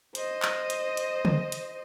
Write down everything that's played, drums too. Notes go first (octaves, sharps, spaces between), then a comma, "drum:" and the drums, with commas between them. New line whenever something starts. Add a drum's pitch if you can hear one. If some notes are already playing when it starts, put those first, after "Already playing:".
C5 D#5, drum: hi-hat
drum: clap
drum: hi-hat
drum: hi-hat
drum: tom
drum: hi-hat